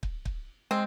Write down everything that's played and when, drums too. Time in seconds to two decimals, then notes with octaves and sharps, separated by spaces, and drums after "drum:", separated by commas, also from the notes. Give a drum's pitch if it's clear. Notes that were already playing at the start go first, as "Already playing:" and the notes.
0.03 drum: kick
0.25 drum: kick
0.71 G#3 C4